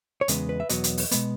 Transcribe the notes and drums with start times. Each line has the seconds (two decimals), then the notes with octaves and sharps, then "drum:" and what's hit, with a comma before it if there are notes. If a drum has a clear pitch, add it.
0.21 C#5
0.28 E2 C#3 G#3 B3 D#5, drum: hi-hat
0.49 B4
0.60 E5
0.69 E2 B2 F#3 B3 D#5, drum: hi-hat
0.84 drum: hi-hat
0.98 drum: open hi-hat
1.11 B2 G#3 B3, drum: hi-hat